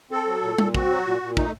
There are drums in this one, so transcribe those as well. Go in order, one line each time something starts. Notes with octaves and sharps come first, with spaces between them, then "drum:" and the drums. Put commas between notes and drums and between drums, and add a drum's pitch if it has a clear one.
C4 A4
F#3
A#2
A#2, drum: tom G3
C4 F#4, drum: kick
F#3
A#2
A#2
A3 D#4, drum: kick